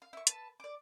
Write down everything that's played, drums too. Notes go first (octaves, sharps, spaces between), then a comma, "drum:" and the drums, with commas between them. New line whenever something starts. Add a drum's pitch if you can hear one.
F5
E4 C#6
B4 A5, drum: hi-hat
D5 D6